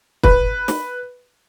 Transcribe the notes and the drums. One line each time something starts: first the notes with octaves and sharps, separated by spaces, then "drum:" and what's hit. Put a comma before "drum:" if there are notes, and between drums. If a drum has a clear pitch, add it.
B4, drum: kick
drum: snare